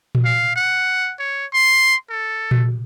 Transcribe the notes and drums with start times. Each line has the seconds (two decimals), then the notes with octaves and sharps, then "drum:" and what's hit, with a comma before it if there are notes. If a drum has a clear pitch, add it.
0.15 drum: tom A#2
0.25 F5
0.56 F#5
1.19 C#5
1.54 C6
2.10 A4
2.51 drum: tom A#2